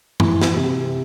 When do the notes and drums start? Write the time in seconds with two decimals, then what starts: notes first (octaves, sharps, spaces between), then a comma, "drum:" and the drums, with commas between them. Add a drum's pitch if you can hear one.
0.20 E3, drum: tom F#2
0.42 drum: snare
0.57 C3